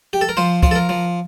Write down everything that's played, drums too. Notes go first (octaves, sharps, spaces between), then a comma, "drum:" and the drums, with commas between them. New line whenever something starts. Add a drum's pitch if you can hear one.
G4
A4
A#4
F3 C5
F3, drum: kick, hi-hat
A4
A#4
F3